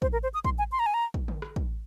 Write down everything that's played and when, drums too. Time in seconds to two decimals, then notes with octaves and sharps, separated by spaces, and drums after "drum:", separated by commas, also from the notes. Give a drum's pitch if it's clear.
0.02 C5, drum: kick
0.13 A#4
0.23 C5
0.34 D#6
0.45 C6, drum: kick
0.58 G#5
0.72 C6
0.79 A#5
0.86 G#5
0.94 A#5
1.14 drum: kick
1.28 drum: tom D3
1.42 drum: rim click
1.56 drum: kick